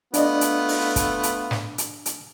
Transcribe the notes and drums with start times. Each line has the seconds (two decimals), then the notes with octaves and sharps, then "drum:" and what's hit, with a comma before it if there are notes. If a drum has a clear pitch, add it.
0.14 A3 B3 D4 F4 D5 D#5, drum: hi-hat
0.41 drum: hi-hat
0.68 drum: open hi-hat
0.96 drum: kick, hi-hat
1.23 drum: hi-hat
1.51 drum: snare
1.78 drum: hi-hat
2.06 drum: hi-hat